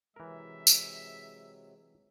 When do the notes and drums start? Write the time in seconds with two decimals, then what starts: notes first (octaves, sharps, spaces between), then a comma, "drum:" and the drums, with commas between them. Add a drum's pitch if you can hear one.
0.16 C3 E3 F#3 G#3 A#4 E5
0.67 drum: tambourine